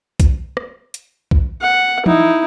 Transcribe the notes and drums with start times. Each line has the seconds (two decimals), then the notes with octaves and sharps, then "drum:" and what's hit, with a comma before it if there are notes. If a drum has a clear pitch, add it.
0.20 drum: kick B1, hi-hat
0.57 drum: rim click
0.94 drum: hi-hat
1.31 drum: kick B1
1.61 F#5
2.06 D#4 E4, drum: tom E3